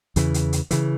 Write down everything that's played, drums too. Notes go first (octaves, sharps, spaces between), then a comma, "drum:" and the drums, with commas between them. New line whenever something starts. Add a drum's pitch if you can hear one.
E2 C#3 E3, drum: hi-hat
drum: hi-hat
drum: hi-hat
C#3 E3, drum: hi-hat